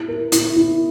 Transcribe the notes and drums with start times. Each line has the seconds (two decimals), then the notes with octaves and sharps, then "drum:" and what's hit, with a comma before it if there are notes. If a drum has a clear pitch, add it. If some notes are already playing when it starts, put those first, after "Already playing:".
Already playing: E4
0.08 A#4
0.32 E4, drum: hi-hat
0.56 E4